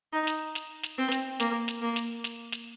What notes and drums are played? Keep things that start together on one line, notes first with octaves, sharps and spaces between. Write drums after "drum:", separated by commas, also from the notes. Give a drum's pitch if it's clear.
D#4
drum: snare
drum: snare
drum: snare
C4
drum: snare
A#3, drum: snare
drum: snare
A#3
drum: snare
drum: snare
drum: snare